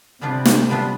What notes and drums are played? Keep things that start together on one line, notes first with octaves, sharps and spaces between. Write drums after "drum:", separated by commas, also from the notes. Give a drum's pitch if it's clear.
C3 G3 B3 D4 F4
drum: snare
G3 B3 D4 F4